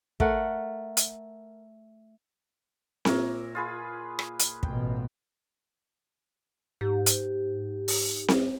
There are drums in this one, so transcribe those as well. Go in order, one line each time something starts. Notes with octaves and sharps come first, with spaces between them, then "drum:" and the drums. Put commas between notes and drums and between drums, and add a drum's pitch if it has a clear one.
A3 A#4 F#5, drum: kick
drum: hi-hat
A#2 A#4 C#5 E5, drum: snare C4
F4 G#4 B4
drum: rim click
drum: hi-hat
A1 B2 G5, drum: kick
G#2 G4
drum: hi-hat
drum: open hi-hat
drum: snare C4